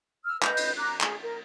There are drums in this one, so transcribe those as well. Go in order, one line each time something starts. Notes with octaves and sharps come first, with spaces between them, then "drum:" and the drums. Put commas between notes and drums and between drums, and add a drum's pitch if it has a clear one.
E6 F6
B4 D#5 G6, drum: clap
drum: cymbal
A#5 D6 F#6
G#4, drum: clap
A#4